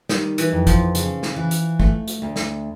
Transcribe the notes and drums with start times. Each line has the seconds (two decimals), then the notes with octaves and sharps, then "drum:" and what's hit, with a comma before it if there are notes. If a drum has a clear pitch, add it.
0.09 D#3 G3, drum: snare
0.38 E3, drum: hi-hat
0.52 F2
0.67 F3, drum: kick, hi-hat
0.95 C#3, drum: hi-hat
1.23 drum: snare
1.36 E3
1.51 drum: hi-hat
1.80 A3, drum: kick
2.08 drum: hi-hat
2.22 D2
2.36 drum: snare